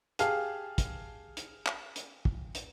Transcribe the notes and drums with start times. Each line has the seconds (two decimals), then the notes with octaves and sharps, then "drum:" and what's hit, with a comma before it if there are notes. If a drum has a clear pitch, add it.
0.19 G4 G#4 F5 A5 F6, drum: hi-hat
0.78 drum: kick, hi-hat
1.37 drum: hi-hat
1.66 drum: clap
1.96 drum: hi-hat
2.25 drum: kick
2.55 drum: hi-hat